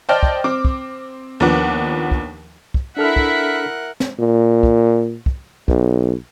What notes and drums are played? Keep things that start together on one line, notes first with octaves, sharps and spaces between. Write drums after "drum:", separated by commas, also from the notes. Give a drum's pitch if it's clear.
C5 D5 D#5 G5 A5 F6
drum: kick
C4 D6
drum: kick
D#2 F3 B3 D4 F#5 D6
drum: kick
drum: kick
D4 E4 A4 A#4 E5 F#5 F6
drum: kick
drum: snare
A#2
drum: kick
drum: kick
B1, drum: kick